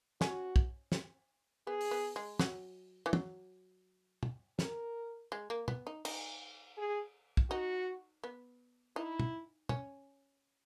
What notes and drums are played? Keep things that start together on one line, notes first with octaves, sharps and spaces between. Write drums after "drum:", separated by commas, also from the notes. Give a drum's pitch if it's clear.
C#4 F#4, drum: snare
drum: kick
drum: snare
B3 G#4
drum: open hi-hat
B3
G#3
F#3, drum: snare
E3
F#3, drum: tom
drum: tom
A#4, drum: snare
G#3
A#3
B3, drum: tom
D#4
D#4, drum: cymbal
G#4
drum: kick
D#4 F#4
B3
D#4 E4
drum: tom
C#4, drum: tom